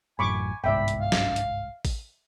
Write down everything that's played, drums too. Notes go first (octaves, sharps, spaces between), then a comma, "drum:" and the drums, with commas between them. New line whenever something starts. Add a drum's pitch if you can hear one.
A1 F#2 A2 G#5 B5 C#6 D6
G1 C2 G#2 D5 E5 G5 B5
drum: hi-hat
F5
drum: snare
drum: hi-hat
drum: kick A1, open hi-hat